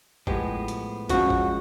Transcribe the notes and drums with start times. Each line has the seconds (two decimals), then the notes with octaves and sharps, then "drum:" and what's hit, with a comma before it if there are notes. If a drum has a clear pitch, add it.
0.27 A2 F3 G#3 B3 G4, drum: kick
0.68 drum: hi-hat
1.09 C#2 C#3 F3 F#4, drum: kick, hi-hat
1.30 drum: kick